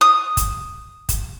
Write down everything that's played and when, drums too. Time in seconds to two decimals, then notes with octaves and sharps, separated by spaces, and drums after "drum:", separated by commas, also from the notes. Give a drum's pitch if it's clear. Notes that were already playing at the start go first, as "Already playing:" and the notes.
0.01 D#6
0.37 drum: kick, hi-hat
1.09 drum: kick, hi-hat